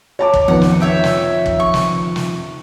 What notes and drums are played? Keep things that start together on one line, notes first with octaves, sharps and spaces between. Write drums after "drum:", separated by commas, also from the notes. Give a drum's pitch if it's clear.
C#5 A5 D6
drum: kick
F2 D#3 B3 F#5
drum: snare
C#5 E5 G5
drum: snare
drum: kick
C#6
drum: snare
drum: snare